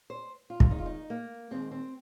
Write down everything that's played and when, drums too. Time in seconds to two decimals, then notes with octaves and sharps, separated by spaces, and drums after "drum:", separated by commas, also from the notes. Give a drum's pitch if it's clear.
0.10 C5
0.50 F4
0.60 drum: kick
0.70 D#2 D#3 G#3 D#4
0.79 F4
0.86 D#4
1.10 A#3
1.51 D#2 D#3 G#3 C4
1.71 C4